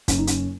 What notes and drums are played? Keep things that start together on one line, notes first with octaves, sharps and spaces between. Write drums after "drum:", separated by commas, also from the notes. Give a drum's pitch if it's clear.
F#1 C#4, drum: kick, hi-hat
D#4
C#4, drum: hi-hat